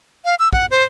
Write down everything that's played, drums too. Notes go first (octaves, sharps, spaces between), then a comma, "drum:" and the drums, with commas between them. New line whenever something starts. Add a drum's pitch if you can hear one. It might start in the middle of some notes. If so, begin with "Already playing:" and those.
F5
E6
F#5, drum: kick
C5